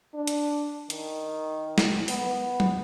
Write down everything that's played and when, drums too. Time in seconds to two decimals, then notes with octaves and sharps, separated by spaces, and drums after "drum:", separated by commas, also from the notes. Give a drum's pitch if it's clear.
0.14 D4
0.27 drum: hi-hat
0.90 D#3, drum: hi-hat
1.78 drum: snare
2.08 B3, drum: open hi-hat
2.60 drum: tom F#3